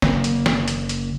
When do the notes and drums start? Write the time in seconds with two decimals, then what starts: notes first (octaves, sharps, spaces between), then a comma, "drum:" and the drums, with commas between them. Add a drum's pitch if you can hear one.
0.02 F#1 A#3, drum: snare
0.24 drum: hi-hat
0.46 drum: snare
0.68 drum: hi-hat
0.89 drum: hi-hat